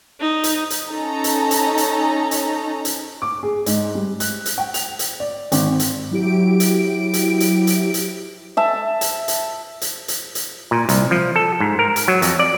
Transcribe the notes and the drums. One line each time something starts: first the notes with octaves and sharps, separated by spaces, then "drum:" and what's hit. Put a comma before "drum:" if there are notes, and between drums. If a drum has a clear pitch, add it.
D#4
drum: hi-hat
drum: hi-hat
C#4 D#4 A4 A#5
drum: hi-hat
drum: hi-hat
drum: hi-hat
drum: hi-hat
drum: hi-hat
D6
G#4
G#2, drum: hi-hat
G3
F#6, drum: hi-hat
drum: hi-hat
G5
F7, drum: hi-hat
drum: hi-hat
D5
G#1, drum: hi-hat
drum: hi-hat
F#3 E4 G4 D7
drum: hi-hat
drum: hi-hat
drum: hi-hat
drum: hi-hat
drum: hi-hat
E5 A5
drum: hi-hat
drum: hi-hat
drum: hi-hat
drum: hi-hat
drum: hi-hat
A#2
C2, drum: hi-hat
F3
A4
G#2
A#4
drum: hi-hat
F#3
F2, drum: hi-hat
D5